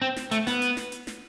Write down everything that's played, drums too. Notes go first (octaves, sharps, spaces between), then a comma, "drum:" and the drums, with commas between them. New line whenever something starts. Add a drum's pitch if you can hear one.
C4
drum: snare
A3, drum: hi-hat
B3, drum: snare
drum: hi-hat
drum: snare
drum: hi-hat
drum: snare